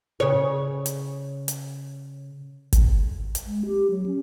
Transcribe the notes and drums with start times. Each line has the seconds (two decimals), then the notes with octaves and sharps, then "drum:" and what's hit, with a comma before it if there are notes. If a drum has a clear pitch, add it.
0.20 C#3 C#5
0.86 drum: hi-hat
1.48 drum: hi-hat
2.73 drum: kick G1, hi-hat
3.35 drum: hi-hat
3.47 G#3
3.66 G4
3.90 F#3
4.06 C#4